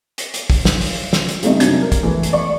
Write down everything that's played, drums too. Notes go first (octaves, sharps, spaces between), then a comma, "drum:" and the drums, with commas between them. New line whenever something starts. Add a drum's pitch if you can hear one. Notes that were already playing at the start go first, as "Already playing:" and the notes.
drum: hi-hat
drum: hi-hat
drum: kick, open hi-hat
drum: snare
drum: open hi-hat
drum: snare
drum: hi-hat
C#3 G3 A3 C4 D#4, drum: hi-hat
F#2 C3 D4 G#6, drum: hi-hat
A#4
drum: kick, hi-hat
E3 A3
drum: hi-hat
D5 C#6